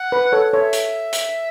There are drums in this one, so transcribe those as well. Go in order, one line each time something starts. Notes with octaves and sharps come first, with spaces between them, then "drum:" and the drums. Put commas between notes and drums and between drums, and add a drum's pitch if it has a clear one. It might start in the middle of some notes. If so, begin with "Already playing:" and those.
Already playing: F#5
B4
A4 C#5
A4 C#5 E5
drum: hi-hat
drum: hi-hat